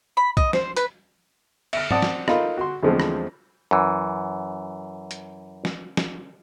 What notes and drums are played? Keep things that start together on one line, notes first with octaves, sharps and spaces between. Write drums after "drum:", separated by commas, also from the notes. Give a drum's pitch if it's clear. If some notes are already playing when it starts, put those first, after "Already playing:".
B5
D#5, drum: kick
C5, drum: snare
B4, drum: hi-hat
E5 F6, drum: cymbal
C4 D5 F#5 A5 D#6, drum: tom
drum: snare
D#4 F4 A4 A#4 F5 B5, drum: rim click
F#4 C6
E2 D3 F3 G#3 A3 C4
drum: rim click
F#2 E3
drum: hi-hat
drum: snare
drum: snare